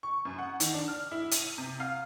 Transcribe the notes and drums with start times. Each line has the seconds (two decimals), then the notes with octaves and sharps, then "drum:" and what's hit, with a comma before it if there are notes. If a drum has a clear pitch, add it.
0.03 C#6
0.25 F#2
0.39 F#5
0.60 D#3, drum: hi-hat
0.74 D4
0.88 F6
1.11 E4
1.31 D#7, drum: hi-hat
1.58 C3
1.80 F5